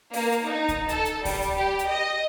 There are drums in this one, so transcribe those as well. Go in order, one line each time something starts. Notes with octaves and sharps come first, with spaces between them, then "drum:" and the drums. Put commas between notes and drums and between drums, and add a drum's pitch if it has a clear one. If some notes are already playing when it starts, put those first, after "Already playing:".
A#3, drum: open hi-hat
drum: hi-hat
D#4
drum: kick C#2, hi-hat
A4, drum: hi-hat
drum: hi-hat
G3, drum: kick C#2, open hi-hat
drum: hi-hat
G4
drum: hi-hat
D#5